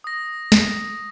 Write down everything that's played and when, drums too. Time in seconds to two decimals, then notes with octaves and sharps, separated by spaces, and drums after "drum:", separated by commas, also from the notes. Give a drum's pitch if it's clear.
0.04 D#6 A#6
0.52 drum: snare